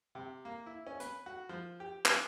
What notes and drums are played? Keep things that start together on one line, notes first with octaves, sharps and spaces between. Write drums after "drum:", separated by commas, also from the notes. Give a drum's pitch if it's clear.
C3
A#3
E4
C#4
B4, drum: hi-hat
F#4
F3
G4
A5, drum: clap